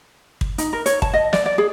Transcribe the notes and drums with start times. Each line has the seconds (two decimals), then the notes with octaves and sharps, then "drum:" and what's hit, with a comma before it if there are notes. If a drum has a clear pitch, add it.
0.41 drum: kick
0.58 D#4, drum: hi-hat
0.73 A#4
0.86 C#5, drum: hi-hat
1.02 A5, drum: kick
1.14 D#5
1.33 D5, drum: snare
1.46 D5
1.58 G#4